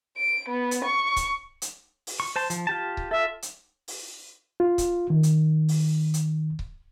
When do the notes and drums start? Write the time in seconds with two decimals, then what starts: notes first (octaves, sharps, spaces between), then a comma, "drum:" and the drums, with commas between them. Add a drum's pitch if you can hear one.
0.17 D7
0.49 B3
0.71 drum: hi-hat
0.85 C#6
1.16 drum: kick C#1, hi-hat
1.62 drum: hi-hat
2.07 drum: open hi-hat
2.20 C#6
2.36 C5 A5 C6
2.50 F3, drum: hi-hat
2.67 F4 G4 A5
2.97 drum: kick C#1
3.11 F4 A4 E5
3.42 drum: hi-hat
3.88 drum: open hi-hat
4.60 F4
4.78 drum: kick C#1, hi-hat
5.10 D#3
5.23 drum: hi-hat
5.68 drum: open hi-hat
6.14 drum: hi-hat
6.59 drum: kick C#1